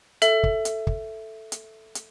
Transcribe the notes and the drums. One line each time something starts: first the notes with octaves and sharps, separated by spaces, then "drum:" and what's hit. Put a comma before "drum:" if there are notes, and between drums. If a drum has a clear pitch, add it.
A4 E5, drum: hi-hat
drum: kick
drum: hi-hat
drum: kick
drum: hi-hat
drum: hi-hat